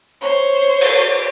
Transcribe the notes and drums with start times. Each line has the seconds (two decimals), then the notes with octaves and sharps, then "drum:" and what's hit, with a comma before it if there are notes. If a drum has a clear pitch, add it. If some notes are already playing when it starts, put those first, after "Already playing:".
0.21 C5 C#5
0.81 drum: cymbal